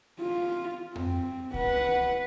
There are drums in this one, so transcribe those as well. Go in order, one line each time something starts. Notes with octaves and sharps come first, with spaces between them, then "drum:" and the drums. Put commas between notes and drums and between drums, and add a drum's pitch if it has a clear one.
F4
C4, drum: tom F2
B4 F#5, drum: kick C2